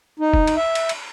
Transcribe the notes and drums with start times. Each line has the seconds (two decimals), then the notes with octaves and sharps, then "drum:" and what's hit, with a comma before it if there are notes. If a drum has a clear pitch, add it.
0.20 D#4
0.34 drum: kick
0.47 drum: cymbal
0.57 E5
0.75 drum: cymbal
0.89 drum: cymbal